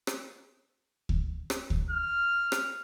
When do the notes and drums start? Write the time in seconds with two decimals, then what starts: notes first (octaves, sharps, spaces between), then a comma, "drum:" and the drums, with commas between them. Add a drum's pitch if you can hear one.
0.07 drum: rim click
1.09 drum: kick D2
1.50 drum: rim click
1.70 drum: kick D2
1.91 F6
2.52 drum: rim click